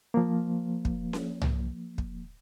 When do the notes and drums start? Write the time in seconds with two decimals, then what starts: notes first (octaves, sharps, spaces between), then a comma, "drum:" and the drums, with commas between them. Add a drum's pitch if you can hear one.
0.14 F3 A#3
0.85 drum: kick
1.13 drum: snare C#4
1.42 drum: tom C2
1.98 drum: kick